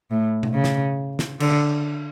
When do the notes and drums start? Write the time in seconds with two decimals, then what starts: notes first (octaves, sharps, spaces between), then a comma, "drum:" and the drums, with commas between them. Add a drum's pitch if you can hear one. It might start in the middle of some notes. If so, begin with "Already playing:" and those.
0.11 A2
0.43 drum: tom B2
0.54 C#3
0.64 drum: snare
1.19 drum: snare
1.40 D3, drum: cymbal